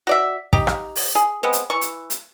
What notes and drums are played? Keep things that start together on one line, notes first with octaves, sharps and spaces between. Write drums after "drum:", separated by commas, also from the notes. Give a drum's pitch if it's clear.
F#4 D5 E5
D#4 G4, drum: kick
drum: rim click
drum: open hi-hat
G#4
G#3 B3 C4
drum: hi-hat
E3 C#6
drum: hi-hat
drum: hi-hat